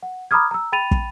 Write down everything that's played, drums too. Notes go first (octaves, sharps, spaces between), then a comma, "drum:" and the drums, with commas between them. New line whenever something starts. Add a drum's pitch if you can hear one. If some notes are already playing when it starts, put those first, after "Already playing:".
F#5
A#5 B5 D6 D#6 F6 G#6
A#5 E6
G5 B5 A6 D#7 F7
drum: kick